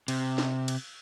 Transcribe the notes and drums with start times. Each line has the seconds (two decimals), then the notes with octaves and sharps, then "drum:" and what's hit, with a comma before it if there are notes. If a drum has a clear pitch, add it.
0.08 C3, drum: cymbal
0.38 drum: snare
0.68 drum: cymbal